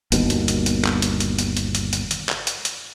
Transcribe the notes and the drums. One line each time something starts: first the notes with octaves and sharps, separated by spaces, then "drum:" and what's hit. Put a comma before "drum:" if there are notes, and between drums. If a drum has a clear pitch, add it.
G1 D#2 B2, drum: hi-hat
drum: hi-hat
drum: hi-hat
drum: hi-hat
drum: clap
drum: hi-hat
drum: hi-hat
drum: hi-hat
drum: hi-hat
drum: hi-hat
drum: hi-hat
drum: hi-hat
drum: clap
drum: hi-hat
drum: hi-hat